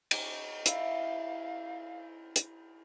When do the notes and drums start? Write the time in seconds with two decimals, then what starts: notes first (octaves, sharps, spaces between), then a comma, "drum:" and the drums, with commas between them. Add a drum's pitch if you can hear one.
0.11 D#4 G4 C#5, drum: cymbal
0.66 E4 F5, drum: hi-hat
2.36 drum: hi-hat